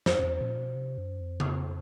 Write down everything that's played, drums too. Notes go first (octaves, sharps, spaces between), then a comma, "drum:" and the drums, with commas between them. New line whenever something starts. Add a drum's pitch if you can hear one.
F2 C5, drum: snare
F2
E2
A#2
B2
C3
F#2
F2
drum: tom C#3